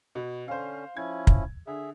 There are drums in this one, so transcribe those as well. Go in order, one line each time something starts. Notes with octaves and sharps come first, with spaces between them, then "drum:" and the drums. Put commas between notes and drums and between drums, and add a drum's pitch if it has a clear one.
B2
D3 C#4 C5 F5
F3 C#4 E4 G#6
drum: kick
D3 G#4 E5